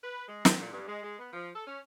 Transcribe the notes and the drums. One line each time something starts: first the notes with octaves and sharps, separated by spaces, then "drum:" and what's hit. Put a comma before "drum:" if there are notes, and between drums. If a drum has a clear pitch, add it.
B4
G#3
C4, drum: snare
A#2
G2
G#3
G#3
B3
F3
A4
C#4